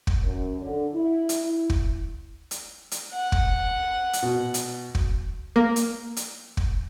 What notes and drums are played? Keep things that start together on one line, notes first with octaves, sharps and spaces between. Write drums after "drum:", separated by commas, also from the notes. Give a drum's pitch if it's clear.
drum: kick
F#2
D3
E4
drum: hi-hat
E4
drum: kick
drum: hi-hat
drum: hi-hat
F#5
drum: kick
drum: hi-hat
B2
drum: hi-hat
drum: kick
A#3
drum: hi-hat
drum: hi-hat
drum: kick